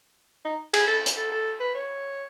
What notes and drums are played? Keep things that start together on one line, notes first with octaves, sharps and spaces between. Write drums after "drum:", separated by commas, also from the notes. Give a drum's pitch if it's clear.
D#4
G#4, drum: cymbal
A4
drum: hi-hat
A4
A4
B4
C#5